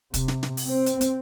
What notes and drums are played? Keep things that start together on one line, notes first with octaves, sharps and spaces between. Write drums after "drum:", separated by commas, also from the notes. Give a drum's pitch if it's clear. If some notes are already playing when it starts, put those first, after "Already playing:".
C3, drum: kick, hi-hat
drum: snare
drum: snare
drum: open hi-hat
C4
drum: hi-hat
drum: hi-hat